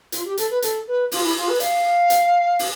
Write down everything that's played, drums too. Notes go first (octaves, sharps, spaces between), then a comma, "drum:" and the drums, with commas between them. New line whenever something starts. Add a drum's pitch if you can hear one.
F4, drum: hi-hat
G4
A4, drum: hi-hat
B4
A4, drum: hi-hat
B4
F4, drum: open hi-hat
E4
F4
B4
F5, drum: hi-hat
drum: hi-hat
drum: open hi-hat